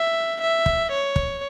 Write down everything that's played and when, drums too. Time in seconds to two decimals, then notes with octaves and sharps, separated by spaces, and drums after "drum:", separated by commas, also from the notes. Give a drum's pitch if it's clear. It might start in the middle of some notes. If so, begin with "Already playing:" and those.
Already playing: E5
0.41 E5
0.66 drum: kick
0.91 C#5
1.16 drum: kick